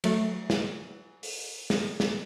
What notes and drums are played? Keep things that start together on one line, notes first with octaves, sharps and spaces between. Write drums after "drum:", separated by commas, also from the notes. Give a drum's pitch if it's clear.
F#3 A3, drum: cymbal
drum: snare
drum: open hi-hat
drum: snare
drum: snare